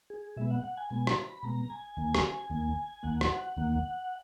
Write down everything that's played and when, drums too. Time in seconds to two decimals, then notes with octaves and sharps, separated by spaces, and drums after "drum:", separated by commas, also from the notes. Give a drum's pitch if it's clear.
0.10 G#4
0.36 B2 G#3 B3 E5
0.51 F#5
0.64 F#5
0.77 G#5
0.90 B2 G#3 B3 G#5
1.07 A#5, drum: rim click
1.26 B5
1.43 B2 G#3 B3 A#5
1.70 G#5
1.97 D#2 D#3 A#3
2.15 drum: rim click
2.50 D#2 D#3 A#3
3.03 D#2 D#3 A#3 F#5
3.21 drum: rim click
3.57 D#2 D#3 A#3